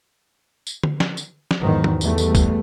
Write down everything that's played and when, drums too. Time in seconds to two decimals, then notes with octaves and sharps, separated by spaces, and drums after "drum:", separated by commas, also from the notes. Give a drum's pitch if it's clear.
0.67 drum: tambourine
0.83 drum: tom D3
1.00 drum: snare
1.17 drum: tambourine
1.51 drum: snare
1.61 E2 G#2 D#3 F#3
1.84 drum: tom
2.01 E2 G3 A3, drum: tambourine
2.18 drum: tambourine
2.35 drum: kick, tambourine